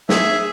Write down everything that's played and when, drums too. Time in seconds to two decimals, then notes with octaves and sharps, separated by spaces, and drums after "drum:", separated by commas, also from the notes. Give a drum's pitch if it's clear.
0.09 G#4 E5 G#5, drum: snare